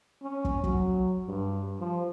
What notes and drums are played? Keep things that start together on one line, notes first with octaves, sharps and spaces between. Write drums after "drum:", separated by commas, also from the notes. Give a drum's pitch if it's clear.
C#4
drum: kick
F#3, drum: kick
G2
F3